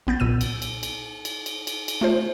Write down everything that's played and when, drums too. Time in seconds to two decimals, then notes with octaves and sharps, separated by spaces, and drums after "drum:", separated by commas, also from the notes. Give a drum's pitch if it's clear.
0.07 A#1 B3 G6 A6
0.20 B1 A#2 E6 D#7
0.41 drum: cymbal
0.62 drum: cymbal
0.83 drum: cymbal
1.25 drum: cymbal
1.46 drum: cymbal
1.67 drum: cymbal
1.88 drum: cymbal
2.01 A3 F4 C5